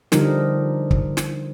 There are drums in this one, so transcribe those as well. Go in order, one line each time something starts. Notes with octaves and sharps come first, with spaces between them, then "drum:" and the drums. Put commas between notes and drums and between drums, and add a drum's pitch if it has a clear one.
D3 F3 G3 D#4 A#4, drum: snare
drum: kick
drum: snare